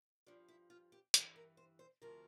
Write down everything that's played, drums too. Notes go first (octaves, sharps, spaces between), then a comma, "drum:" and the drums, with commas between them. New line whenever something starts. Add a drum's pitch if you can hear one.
G2 F3 D4
E4
F4
G4
G2 E3 A4, drum: hi-hat
A#4
C5
C5
D2 C3 F3 A#4